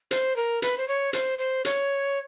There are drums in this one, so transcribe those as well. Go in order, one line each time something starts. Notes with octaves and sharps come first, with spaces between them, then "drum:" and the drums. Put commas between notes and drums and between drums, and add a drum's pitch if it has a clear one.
C5, drum: hi-hat
A#4
B4, drum: hi-hat
C5
C#5
C5, drum: hi-hat
C5
C#5, drum: hi-hat